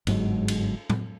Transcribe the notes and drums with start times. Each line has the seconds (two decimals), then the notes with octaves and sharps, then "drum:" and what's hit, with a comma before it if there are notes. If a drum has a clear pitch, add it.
0.07 G1 G#2 F#3 G#3, drum: cymbal
0.48 drum: cymbal
0.90 drum: tom